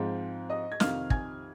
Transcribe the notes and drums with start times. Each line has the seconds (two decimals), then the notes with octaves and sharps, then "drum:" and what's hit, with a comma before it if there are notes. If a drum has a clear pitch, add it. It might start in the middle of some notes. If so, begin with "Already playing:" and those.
Already playing: G#2 F3 G#3 C4
0.50 D#5 D#6
0.72 G#6
0.80 F2 C3 D#3 F5 F6, drum: snare
1.10 G#5 G#6, drum: kick